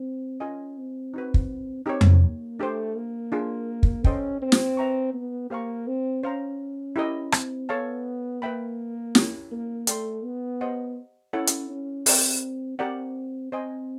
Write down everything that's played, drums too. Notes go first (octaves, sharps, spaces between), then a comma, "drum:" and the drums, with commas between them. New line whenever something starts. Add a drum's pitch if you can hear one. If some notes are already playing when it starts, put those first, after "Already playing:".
Already playing: C4
C#4 F4 A#4 D#5 G#5
C4
D#4 F#4 B4
drum: kick
C4 D#4 G4 A#4 C#5
drum: tom F2
A#3
A3 D4 G4 C5
A#3
D4 F4 G#4
drum: kick
C#4 A4 C5 D#5 G5, drum: kick
C4
drum: snare
B4 E5 G5 A#5 C#6
B3
A#3 G4 C5 F5 A#5 C#6
C4
C#4 C5 F5 A#5
E4 G4 A#4 D#5
C4, drum: rim click
B3 A4 C#5 F5 A5
A#3 B4 E5 G5 B5
C#4 E4 G4 A#4, drum: snare
A#3
A3 A4 D5 G5 C6, drum: hi-hat
B3
G4 C5 D#5 F#5
C#4 E4 A4 C#5 F#5
drum: hi-hat
C#4
C4 G4 A#4 D5 G5, drum: open hi-hat
C4 G4 A#4 D5 F#5
C4 C5 D#5 G#5